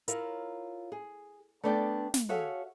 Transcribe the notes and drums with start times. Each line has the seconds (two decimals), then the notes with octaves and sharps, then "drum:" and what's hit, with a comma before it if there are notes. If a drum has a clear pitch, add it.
0.08 E4 F4 A#4 C#5, drum: hi-hat
0.92 G#4
1.64 A3 B3 D4 D5 G5
2.14 drum: snare
2.29 F#4 G#4 A4 C#5 E5 F5